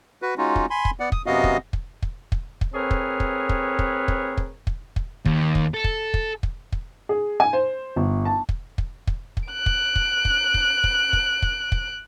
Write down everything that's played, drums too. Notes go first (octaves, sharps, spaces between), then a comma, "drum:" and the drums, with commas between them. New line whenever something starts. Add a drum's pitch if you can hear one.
F#4 B4
G#3 C#4 D#4 F4 F#4
drum: kick
G#5 B5 C6
drum: kick
B3 D5 F#5
D#6, drum: kick
F#2 C3 B3 F#4 D#5 F5
drum: kick
drum: kick
drum: kick
drum: kick
drum: kick
A3 C4 G#4 A#4 B4 C#5
drum: kick
drum: kick
drum: kick
drum: kick
drum: kick
drum: kick
drum: kick
drum: kick
D#2, drum: kick
drum: kick
A4
drum: kick
drum: kick
drum: kick
drum: kick
G#4
G#5
C5
G1
A5
drum: kick
drum: kick
drum: kick
drum: kick
F#6 D7
drum: kick
drum: kick
drum: kick
drum: kick
drum: kick
drum: kick
drum: kick
drum: kick